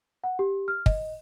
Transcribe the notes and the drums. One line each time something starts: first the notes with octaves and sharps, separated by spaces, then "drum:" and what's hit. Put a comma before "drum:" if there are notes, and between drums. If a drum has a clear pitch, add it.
F#5
G4
F6
D#5, drum: kick